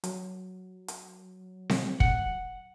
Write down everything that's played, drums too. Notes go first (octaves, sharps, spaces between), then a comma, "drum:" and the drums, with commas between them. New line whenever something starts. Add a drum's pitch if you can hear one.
F#3, drum: hi-hat
drum: hi-hat
drum: snare C4
F#5, drum: kick